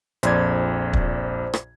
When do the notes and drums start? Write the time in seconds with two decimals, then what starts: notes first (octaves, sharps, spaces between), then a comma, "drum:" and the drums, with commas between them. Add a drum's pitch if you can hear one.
0.23 A#1 F2 C5 D5 G#6, drum: hi-hat
0.93 drum: kick
1.54 drum: rim click